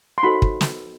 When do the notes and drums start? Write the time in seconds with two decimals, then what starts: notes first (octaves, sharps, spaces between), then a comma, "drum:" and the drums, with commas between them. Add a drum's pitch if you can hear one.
0.18 C6
0.23 D#4 F#4 A4 C5 B5
0.42 drum: kick
0.61 drum: snare